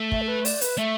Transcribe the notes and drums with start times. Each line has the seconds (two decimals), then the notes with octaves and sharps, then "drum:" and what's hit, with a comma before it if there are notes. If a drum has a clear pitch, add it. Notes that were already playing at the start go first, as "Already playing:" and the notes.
Already playing: A3
0.12 E5, drum: kick
0.22 A4
0.28 B4
0.45 D5, drum: open hi-hat
0.61 B4, drum: hi-hat
0.77 A3 E5